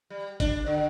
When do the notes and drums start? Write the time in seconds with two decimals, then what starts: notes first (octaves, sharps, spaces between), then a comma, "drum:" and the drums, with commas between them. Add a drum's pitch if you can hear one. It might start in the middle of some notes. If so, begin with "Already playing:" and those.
0.10 G3
0.40 D4, drum: kick F#1, hi-hat
0.66 D3